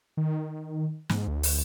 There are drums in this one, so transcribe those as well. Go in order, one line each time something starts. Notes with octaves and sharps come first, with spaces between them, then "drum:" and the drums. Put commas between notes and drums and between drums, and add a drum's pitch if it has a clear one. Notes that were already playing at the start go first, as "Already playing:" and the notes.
D#3
G#2, drum: snare
D2
drum: open hi-hat